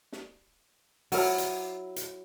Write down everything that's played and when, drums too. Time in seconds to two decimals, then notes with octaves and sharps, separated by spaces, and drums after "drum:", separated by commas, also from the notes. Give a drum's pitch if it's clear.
0.12 drum: snare
1.12 F#3 E4 A#4, drum: open hi-hat
1.38 drum: hi-hat
1.96 drum: hi-hat